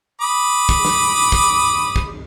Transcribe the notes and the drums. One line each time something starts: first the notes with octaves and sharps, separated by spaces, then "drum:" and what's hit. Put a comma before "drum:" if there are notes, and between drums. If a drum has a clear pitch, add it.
B5 D6 D#6
drum: kick
drum: snare
drum: kick
drum: kick